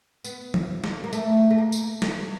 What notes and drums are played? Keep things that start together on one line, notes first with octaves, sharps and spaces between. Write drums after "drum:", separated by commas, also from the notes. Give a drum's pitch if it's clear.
B3, drum: tambourine
drum: tom
drum: snare
A#3
A3, drum: tambourine
A3
A#3
drum: tambourine
drum: snare